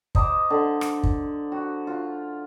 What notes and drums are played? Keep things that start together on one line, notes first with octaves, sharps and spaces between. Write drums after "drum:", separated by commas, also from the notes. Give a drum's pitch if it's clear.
C5 D#5 A#5 D6, drum: kick
D3
drum: rim click
drum: kick
F#4
F4